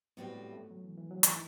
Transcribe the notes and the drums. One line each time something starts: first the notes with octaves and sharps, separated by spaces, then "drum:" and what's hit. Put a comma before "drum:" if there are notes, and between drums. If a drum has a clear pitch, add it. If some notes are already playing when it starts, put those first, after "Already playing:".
A2 G3 B3 C4 F#4 B4
A3
A3
F#3
E3
E3
F#3
D#3 E3 A3 E4, drum: hi-hat